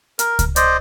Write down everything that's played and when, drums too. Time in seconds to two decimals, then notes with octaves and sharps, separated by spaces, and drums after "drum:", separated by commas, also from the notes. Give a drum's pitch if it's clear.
0.19 A#4, drum: hi-hat
0.39 drum: kick C#2, hi-hat
0.56 C5 D5 D#5, drum: hi-hat